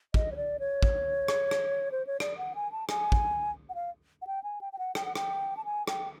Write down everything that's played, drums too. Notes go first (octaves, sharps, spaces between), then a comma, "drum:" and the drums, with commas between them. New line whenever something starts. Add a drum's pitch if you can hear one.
D#5, drum: kick
C#5
D5
C#5
drum: kick
drum: rim click
drum: rim click
C5
C#5
D5, drum: rim click
F#5
G#5
A5
G#5, drum: rim click
drum: kick
F#5
F5
F#5
G5
G#5
G5
G5
F#5
G5, drum: rim click
F#5
G5, drum: rim click
A5
G#5
G5, drum: rim click